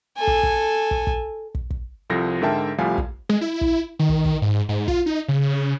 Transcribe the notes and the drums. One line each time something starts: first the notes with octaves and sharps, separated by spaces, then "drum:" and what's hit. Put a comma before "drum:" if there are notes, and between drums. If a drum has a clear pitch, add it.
A4 G#5
drum: kick
drum: kick
drum: kick
drum: kick
drum: kick
drum: kick
C2 F3 C4 A4 A#6
G#2 D3 A#4 E5 G5 A5
C2 F3 G3 A3 F5 G#5
drum: kick
G#3
E4
drum: kick
D#3
drum: kick
drum: kick
G#2
G#2
F4, drum: kick
D#4
C#3
C#3